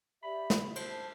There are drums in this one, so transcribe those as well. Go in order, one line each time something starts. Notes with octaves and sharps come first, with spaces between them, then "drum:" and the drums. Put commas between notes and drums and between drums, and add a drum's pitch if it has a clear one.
G4 D5 E5 B5
drum: snare
C5 A5, drum: cymbal